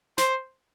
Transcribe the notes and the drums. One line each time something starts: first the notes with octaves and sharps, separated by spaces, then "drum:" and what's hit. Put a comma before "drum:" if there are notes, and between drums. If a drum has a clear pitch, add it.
C5, drum: snare